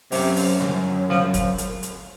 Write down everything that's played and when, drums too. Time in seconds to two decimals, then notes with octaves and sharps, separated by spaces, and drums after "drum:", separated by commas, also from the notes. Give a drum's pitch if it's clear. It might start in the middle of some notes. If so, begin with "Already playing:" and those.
0.12 F#2 C3, drum: open hi-hat
0.36 drum: open hi-hat
0.61 F#2, drum: snare
1.10 F3, drum: snare
1.34 drum: kick F#1, hi-hat
1.58 drum: hi-hat
1.83 drum: hi-hat